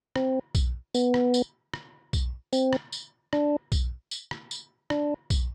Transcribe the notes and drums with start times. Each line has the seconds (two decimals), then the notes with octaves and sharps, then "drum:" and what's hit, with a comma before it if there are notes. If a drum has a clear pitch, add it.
0.16 C4, drum: rim click
0.55 drum: kick B1, tambourine
0.95 B3, drum: tambourine
1.14 drum: rim click
1.34 drum: tambourine
1.74 drum: rim click
2.13 drum: kick B1, tambourine
2.53 C4, drum: tambourine
2.73 drum: rim click
2.92 drum: tambourine
3.33 D4, drum: rim click
3.72 drum: kick B1, tambourine
4.11 drum: tambourine
4.31 drum: rim click
4.51 drum: tambourine
4.90 D4, drum: rim click
5.30 drum: kick B1, tambourine